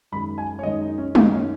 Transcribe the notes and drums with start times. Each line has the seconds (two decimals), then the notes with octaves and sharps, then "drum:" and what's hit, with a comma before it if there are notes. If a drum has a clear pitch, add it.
0.12 F#2 D#3 G#3 B5
0.38 G#5
0.59 C#5
0.63 F#2 D#3 G#3 D#5
0.81 D#4
0.98 C#4
1.15 F#2 D#3 G#3 D#4, drum: tom
1.32 C#4